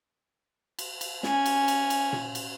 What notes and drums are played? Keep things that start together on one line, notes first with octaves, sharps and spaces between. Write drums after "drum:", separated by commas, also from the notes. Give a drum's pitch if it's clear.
drum: cymbal
drum: cymbal
C#4 G#5, drum: snare
drum: cymbal
drum: cymbal
drum: cymbal
drum: tom A#2
drum: cymbal